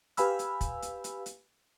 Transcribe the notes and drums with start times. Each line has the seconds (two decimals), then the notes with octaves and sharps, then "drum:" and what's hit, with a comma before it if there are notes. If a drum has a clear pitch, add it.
0.17 G4 B4 F5 G#5 B5 E6, drum: hi-hat
0.39 drum: hi-hat
0.61 drum: kick, hi-hat
0.82 drum: hi-hat
1.04 drum: hi-hat
1.26 drum: hi-hat